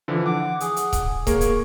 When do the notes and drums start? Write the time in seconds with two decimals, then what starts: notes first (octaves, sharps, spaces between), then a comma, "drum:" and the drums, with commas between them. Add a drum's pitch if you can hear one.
0.08 D3 E3 F3
0.26 F#5 D6
0.60 G#4, drum: hi-hat
0.76 drum: hi-hat
0.93 drum: kick C#1, hi-hat
1.27 A#3 G#4 A#4 C#5, drum: kick C#1, hi-hat
1.41 drum: hi-hat